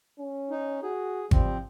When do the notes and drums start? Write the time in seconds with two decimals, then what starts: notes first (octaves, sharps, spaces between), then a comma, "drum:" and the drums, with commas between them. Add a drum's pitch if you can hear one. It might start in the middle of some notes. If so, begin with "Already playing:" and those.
0.19 C#4
0.50 D#4
0.83 F#4 G#4
1.31 F3 G3 C4, drum: kick G#1